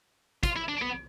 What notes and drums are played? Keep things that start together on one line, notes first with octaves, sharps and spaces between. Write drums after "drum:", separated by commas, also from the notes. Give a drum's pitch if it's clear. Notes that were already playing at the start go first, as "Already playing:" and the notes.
F4, drum: kick, hi-hat
E4
D4
B3